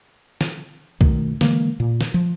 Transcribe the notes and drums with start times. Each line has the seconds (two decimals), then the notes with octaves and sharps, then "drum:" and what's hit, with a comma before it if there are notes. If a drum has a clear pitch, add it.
0.41 drum: snare
1.01 B2 D#3 A3, drum: kick
1.41 D3 E3 G#3 A#3, drum: snare
1.80 A#2
2.01 drum: snare
2.14 F3